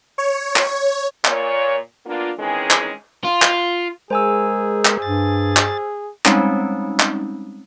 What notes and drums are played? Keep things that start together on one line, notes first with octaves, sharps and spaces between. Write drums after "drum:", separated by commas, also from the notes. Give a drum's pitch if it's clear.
C#5
drum: clap
A#2 C#5, drum: clap
A#3 B3 D4 F4
D#3 E3 G#3 C4 C#4 G#4
drum: clap
F4
drum: clap
G#3 G#4 A#4 C5 G#5 E6
drum: clap
G2 A6
drum: clap
G3 G#3 C4 C#4 D#4, drum: clap
drum: clap